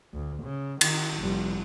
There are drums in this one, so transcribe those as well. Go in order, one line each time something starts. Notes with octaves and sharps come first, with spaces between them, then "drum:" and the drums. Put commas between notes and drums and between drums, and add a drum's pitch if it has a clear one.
D2
C#3
D#3, drum: cymbal
F1 G3